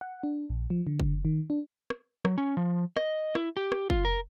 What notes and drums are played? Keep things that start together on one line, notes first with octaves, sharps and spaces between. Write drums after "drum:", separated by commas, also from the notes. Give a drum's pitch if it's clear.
F#5
D4
A#1
F3
D3
drum: kick
D#3
D4
drum: rim click
F#3, drum: rim click
C#4
F3
D#5, drum: rim click
E4, drum: rim click
G4
drum: rim click
F4, drum: kick
A#4